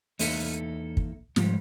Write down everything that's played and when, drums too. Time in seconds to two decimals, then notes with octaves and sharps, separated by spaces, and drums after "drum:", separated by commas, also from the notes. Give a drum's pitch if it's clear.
0.19 E2 A#3 D#4 A4 E5, drum: open hi-hat
0.97 drum: kick
1.36 G#2 F3 G3, drum: snare